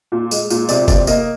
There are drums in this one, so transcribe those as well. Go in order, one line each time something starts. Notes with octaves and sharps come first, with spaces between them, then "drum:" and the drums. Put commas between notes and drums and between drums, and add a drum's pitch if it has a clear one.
A#2
G#3, drum: tambourine
A#2, drum: tambourine
C3 D5, drum: tambourine
C3 D5, drum: kick F#1, tambourine
A#3 D#5, drum: tambourine